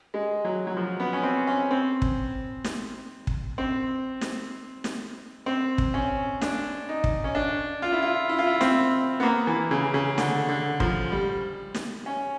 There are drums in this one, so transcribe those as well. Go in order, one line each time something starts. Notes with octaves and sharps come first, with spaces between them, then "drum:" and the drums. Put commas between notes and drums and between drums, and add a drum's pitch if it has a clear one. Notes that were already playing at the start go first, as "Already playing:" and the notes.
G#3
F#3
F#3
F3
B3
C#4
C4
C#4
C4
drum: kick
drum: snare
drum: kick
C4
drum: snare
drum: snare
C4
drum: kick
C#4
D4, drum: snare
D#4
drum: kick
C#4
D4
F4
E4
F4
E4
F4
E4
C4, drum: snare
B3
A#3
E3
C#3
C#3
D3, drum: snare
D3
F3, drum: kick
G3
drum: snare
C#4